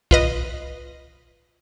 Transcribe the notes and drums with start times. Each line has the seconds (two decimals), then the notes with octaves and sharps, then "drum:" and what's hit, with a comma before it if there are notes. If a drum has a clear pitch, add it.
0.11 F4 B4 D#5, drum: kick